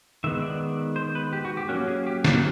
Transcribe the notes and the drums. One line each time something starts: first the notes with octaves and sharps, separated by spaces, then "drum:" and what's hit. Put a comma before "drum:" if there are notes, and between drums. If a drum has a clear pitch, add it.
D#3 G#3 B3 E5
D5
C5
B4
G4
F#4
G4
F#3 A#3 C#4 F#4
G#4
G4
F#4, drum: snare